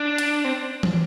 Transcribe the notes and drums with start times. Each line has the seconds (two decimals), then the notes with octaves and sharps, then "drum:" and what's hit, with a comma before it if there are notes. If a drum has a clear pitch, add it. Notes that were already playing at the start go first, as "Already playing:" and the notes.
Already playing: D4
0.18 drum: hi-hat
0.45 C4
0.83 drum: tom